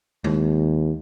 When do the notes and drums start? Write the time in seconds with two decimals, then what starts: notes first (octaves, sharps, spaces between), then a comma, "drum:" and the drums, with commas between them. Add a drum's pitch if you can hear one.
0.24 D#2, drum: tom G#3